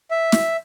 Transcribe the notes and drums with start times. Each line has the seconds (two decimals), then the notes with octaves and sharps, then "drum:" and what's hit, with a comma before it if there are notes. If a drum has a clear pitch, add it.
0.11 E5
0.32 drum: snare